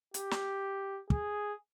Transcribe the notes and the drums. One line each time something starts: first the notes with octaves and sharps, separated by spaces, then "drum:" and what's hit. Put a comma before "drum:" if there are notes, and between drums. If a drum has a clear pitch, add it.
G4, drum: hi-hat
drum: snare
G#4, drum: kick